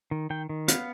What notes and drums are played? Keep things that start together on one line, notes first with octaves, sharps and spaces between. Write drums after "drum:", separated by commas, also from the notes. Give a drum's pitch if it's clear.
D#3
D#3 G5
D#3
B3 F5, drum: hi-hat